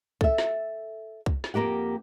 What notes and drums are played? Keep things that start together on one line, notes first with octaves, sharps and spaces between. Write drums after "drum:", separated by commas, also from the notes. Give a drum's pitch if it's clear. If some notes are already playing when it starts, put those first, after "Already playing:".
A4 E5, drum: kick C2
drum: snare
drum: kick C2
drum: snare
F2 A3 A#3 G4 F#5